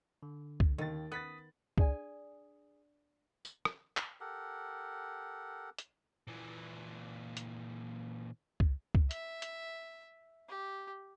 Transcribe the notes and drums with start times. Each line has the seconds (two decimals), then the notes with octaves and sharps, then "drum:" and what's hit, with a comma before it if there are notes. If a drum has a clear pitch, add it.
0.23 D3
0.60 drum: kick C#2
0.78 D#2 D#3 A6
1.12 B3 D#6 F#6 A6 B6
1.78 D4 G#4 D5 G#5, drum: kick C#2
3.45 drum: tambourine
3.65 drum: rim click
3.97 drum: clap
4.21 G4 A4 A#4 F#5
5.79 drum: hi-hat
6.28 A#2 E3
7.37 drum: hi-hat
8.60 drum: kick C#2
8.95 drum: kick C#2
9.11 E5, drum: hi-hat
9.42 drum: hi-hat
10.49 G4